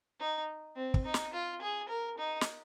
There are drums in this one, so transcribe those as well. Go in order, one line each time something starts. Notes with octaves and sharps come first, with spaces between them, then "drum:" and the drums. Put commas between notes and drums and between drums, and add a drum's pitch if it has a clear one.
D#4
C4
drum: kick
D#4
drum: snare
F4
G#4
A#4
D#4
drum: snare